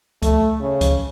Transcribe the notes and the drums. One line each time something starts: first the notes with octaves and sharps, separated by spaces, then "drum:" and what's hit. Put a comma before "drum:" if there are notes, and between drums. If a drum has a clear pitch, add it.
A3, drum: kick C#2, hi-hat
C#3
drum: kick C#2, hi-hat